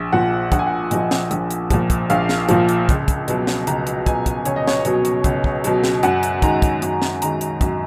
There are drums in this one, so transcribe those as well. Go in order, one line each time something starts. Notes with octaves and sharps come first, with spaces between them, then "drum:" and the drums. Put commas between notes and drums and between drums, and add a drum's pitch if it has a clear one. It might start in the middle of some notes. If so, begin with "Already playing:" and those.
Already playing: A#1
A#2 F3 F#5
A#1 F#5, drum: kick, hi-hat
G#5
F#5
A#2 F3 D#5, drum: hi-hat
drum: snare
A#1, drum: hi-hat
drum: hi-hat
A#2 F3, drum: kick, hi-hat
drum: kick, hi-hat
A#1 F5, drum: hi-hat
drum: snare
A#2 F3, drum: hi-hat
drum: hi-hat
C#2, drum: kick, hi-hat
drum: kick, hi-hat
B2 F#3, drum: hi-hat
drum: snare
C#2 A#5, drum: hi-hat
drum: hi-hat
B2 F#3 G#5, drum: kick, hi-hat
drum: kick, hi-hat
C#2 C#5, drum: hi-hat
D#5
C#5, drum: snare
B2 F#3, drum: hi-hat
drum: hi-hat
C#2, drum: kick, hi-hat
drum: kick
B2 F#3, drum: hi-hat
drum: snare
F#2 F#5, drum: hi-hat
drum: hi-hat
D#3 G#3 A#5, drum: kick, hi-hat
drum: kick, hi-hat
F#2, drum: hi-hat
drum: snare
D#3 G#3 A#5, drum: hi-hat
drum: hi-hat
F#2, drum: kick, hi-hat